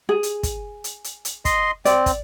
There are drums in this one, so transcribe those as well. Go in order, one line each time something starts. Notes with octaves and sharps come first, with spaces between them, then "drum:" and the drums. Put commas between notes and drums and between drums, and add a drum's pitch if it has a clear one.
G#4
drum: hi-hat
drum: kick, hi-hat
drum: hi-hat
drum: hi-hat
drum: hi-hat
D#5 C6, drum: kick, hi-hat
C4 D5, drum: hi-hat
drum: kick, hi-hat